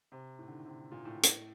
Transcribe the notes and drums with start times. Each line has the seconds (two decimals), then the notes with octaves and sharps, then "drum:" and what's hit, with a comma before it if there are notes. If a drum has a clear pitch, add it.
0.12 C3
0.39 A2
0.47 D3
0.52 D#3
0.66 C3
0.91 A#2
1.05 A2
1.23 drum: hi-hat